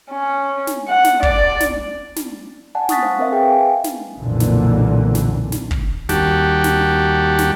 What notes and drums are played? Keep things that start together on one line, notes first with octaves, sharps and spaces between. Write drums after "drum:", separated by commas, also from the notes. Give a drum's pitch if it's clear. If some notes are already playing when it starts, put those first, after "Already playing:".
C#4
drum: snare
F#5
drum: snare
D5, drum: kick
drum: snare
drum: snare
D5 F#5 G#5 A5
F#5 C#6 D#6 F#6 A6 B6, drum: snare
C5 F5
C4 A#4 C5 D#5 E5
G#4 B4 E5 F5 G5
G#5
drum: snare
B1 F2 A#2 D3 E3
drum: snare
drum: snare
drum: snare
drum: kick
D#2 G3 F#4 G4 A5, drum: snare
drum: snare
drum: snare